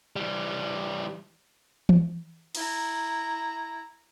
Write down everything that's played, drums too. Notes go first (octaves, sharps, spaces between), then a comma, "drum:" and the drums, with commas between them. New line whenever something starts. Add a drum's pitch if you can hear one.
E3 G3
drum: tom E3
E4 A#5, drum: cymbal